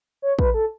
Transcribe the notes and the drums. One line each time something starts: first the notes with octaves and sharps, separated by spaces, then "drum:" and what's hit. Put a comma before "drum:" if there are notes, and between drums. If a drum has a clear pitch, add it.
C#5
B4, drum: kick
A4